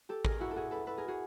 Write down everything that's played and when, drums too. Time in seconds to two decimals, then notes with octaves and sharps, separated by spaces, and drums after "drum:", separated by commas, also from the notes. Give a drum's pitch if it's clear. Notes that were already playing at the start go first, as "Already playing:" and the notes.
0.09 G4 A4
0.25 G#4 A#4, drum: kick
0.40 E4 F#4
0.51 A4
0.56 F#4 G#4
0.71 A4 B4
0.87 A4 B4
0.98 G#4 A#4
1.08 F#4 G#4